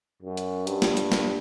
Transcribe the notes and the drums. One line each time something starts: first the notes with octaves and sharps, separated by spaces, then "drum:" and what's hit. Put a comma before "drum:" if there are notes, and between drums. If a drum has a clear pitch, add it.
F#2
drum: hi-hat
G2, drum: hi-hat
drum: snare
drum: hi-hat
drum: snare